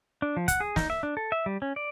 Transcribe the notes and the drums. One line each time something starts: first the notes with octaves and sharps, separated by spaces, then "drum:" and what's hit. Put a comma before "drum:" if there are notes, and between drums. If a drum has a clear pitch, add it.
D4
F3
F#5, drum: kick, hi-hat
G#4
D#4, drum: snare
E5
D4
A4
E5
G3
C#4
D5